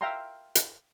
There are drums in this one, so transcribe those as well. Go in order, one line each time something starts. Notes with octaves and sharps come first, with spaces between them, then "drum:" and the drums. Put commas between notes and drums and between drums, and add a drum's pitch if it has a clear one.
E5 F5 G5 A#5 C6
drum: hi-hat